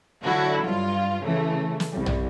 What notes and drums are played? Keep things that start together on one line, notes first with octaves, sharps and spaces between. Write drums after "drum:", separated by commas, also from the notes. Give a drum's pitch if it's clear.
D3 F#3 E4 F#4 A4
G2 F4
C#3 E3 A3
drum: snare
C2 G3
drum: tom A#1